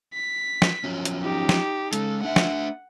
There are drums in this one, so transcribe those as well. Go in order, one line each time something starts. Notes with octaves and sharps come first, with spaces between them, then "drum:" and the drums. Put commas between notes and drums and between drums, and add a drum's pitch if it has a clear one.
B6
drum: snare
F3 F#3 C#4
drum: hi-hat
D#4 G4
drum: snare
G#3 C#4 A4, drum: hi-hat
A3 D4 E5 F#5
drum: snare